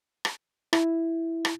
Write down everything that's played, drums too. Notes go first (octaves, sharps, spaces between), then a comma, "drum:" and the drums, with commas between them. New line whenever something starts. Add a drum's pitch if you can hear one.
drum: rim click
E4, drum: rim click
drum: rim click